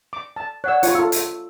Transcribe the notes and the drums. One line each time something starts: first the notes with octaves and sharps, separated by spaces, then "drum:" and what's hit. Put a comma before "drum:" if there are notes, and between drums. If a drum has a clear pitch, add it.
D6
A5
C#5 D5 F#5 E6 F#6
F4 C#5 C#7, drum: hi-hat
F4 A4 E6
drum: hi-hat